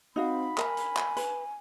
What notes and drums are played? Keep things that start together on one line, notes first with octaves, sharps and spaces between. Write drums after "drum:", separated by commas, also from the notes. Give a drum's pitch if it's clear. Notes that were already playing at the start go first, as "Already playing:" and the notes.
C4 D#4 F#4 F5 B5
A#4 G#5, drum: clap
drum: hi-hat
drum: clap
B4, drum: hi-hat